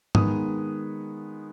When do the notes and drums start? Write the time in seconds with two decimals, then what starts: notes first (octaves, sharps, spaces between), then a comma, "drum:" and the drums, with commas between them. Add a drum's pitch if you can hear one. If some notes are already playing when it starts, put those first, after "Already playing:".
0.15 D#3 G#3 B3 D#6, drum: tom G#2